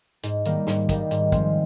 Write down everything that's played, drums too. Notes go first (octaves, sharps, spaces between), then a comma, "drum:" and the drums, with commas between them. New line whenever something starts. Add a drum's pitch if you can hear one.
G#2, drum: hi-hat
D#3 G3 A#3, drum: hi-hat
G#2, drum: snare
D#3 G3 A#3, drum: kick, hi-hat
G#2, drum: hi-hat
F3 G#3 C4, drum: kick, hi-hat